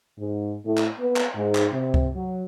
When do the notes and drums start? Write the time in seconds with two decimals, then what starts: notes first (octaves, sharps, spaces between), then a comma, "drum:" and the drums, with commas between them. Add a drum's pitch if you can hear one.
0.18 G#2
0.66 A2
0.78 drum: clap
0.99 B3
1.16 drum: clap
1.36 G#2
1.55 drum: clap
1.72 C3
1.94 drum: kick C#2
2.15 F#3